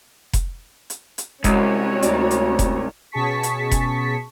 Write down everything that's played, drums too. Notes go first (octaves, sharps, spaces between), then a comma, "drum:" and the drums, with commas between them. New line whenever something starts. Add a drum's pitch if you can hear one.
drum: kick F1, hi-hat
drum: hi-hat
drum: hi-hat
C2 G#3 C#4 F#4 C#5, drum: kick F1, hi-hat
D2 D#4 D5, drum: hi-hat
drum: hi-hat
drum: kick F1, hi-hat
B2 C#4 G#4 A5 C#6 B6
drum: hi-hat
drum: kick F1, hi-hat